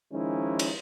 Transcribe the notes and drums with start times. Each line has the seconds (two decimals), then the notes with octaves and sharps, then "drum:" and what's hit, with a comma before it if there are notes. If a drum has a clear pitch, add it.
0.13 D#3 F3 G#3 C#4 D#4 E4
0.59 drum: cymbal